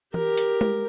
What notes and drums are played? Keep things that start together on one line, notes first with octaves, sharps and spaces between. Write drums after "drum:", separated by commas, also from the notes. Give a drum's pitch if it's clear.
G4 A#4, drum: tom E3
drum: hi-hat
drum: tom G#3